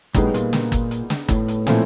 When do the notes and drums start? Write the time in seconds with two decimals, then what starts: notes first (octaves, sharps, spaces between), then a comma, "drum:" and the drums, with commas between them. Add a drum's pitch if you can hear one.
0.14 A2 G3 B3 D#4 G#4, drum: kick, hi-hat
0.34 A#2, drum: hi-hat
0.53 drum: snare
0.72 drum: kick, hi-hat
0.91 drum: hi-hat
1.10 drum: snare
1.28 A2, drum: kick, hi-hat
1.48 drum: hi-hat
1.67 A#2 F3 A3 C4 E4, drum: snare